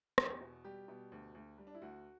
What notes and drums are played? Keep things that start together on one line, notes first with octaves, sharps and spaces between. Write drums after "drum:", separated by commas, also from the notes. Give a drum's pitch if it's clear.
E2 G4, drum: rim click
B2
G3 G4
B2
D2
D2
G3
D4
E4
D2 F#4